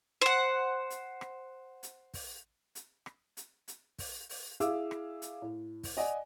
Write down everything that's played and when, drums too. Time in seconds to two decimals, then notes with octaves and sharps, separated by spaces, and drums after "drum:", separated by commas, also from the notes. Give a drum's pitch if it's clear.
0.21 C5 F#5
0.90 drum: hi-hat
1.21 drum: rim click
1.83 drum: hi-hat
2.14 drum: kick, open hi-hat
2.75 drum: hi-hat
3.06 drum: rim click
3.37 drum: hi-hat
3.68 drum: hi-hat
3.99 drum: kick, open hi-hat
4.29 drum: open hi-hat
4.60 E4 G#4 E5 F5 D6 E6, drum: hi-hat
4.91 drum: rim click
5.22 drum: hi-hat
5.42 A2
5.83 drum: kick, open hi-hat
5.97 D5 D#5 F#5 G#5